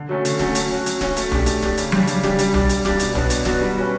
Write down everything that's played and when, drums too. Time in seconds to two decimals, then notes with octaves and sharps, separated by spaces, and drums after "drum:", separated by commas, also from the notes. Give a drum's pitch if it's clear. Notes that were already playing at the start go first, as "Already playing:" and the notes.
Already playing: D3
0.09 F#3 A3 C#4
0.25 D3, drum: hi-hat
0.39 F#3 A3 C#4, drum: snare
0.55 F#3, drum: hi-hat
0.70 C#4 F#4
0.86 F#3, drum: hi-hat
1.01 C#4 F#4, drum: snare
1.17 A3, drum: hi-hat
1.31 D4 G4, drum: tom B1
1.46 A3, drum: hi-hat
1.62 D4 G4, drum: snare
1.78 C#3, drum: hi-hat
1.92 G3 D4 G4, drum: tom F#3
2.07 C#3, drum: hi-hat
2.23 G3 D4 G4, drum: snare
2.39 G3, drum: hi-hat
2.54 D4 G4 D5, drum: tom B1
2.70 G3, drum: hi-hat
2.85 D4 G4 D5, drum: snare
3.00 B2, drum: hi-hat
3.15 F#3 B3 D4 F#4, drum: tom B1
3.30 B2, drum: hi-hat
3.45 F#3 B3 D4 F#4, drum: snare
3.61 G3
3.76 C#4 F#4 B4